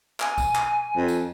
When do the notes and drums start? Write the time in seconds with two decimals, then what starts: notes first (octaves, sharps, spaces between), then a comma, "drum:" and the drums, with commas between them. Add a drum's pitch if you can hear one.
0.20 G#5, drum: clap
0.38 drum: kick, tambourine
0.55 drum: clap
0.96 F2
1.08 drum: tambourine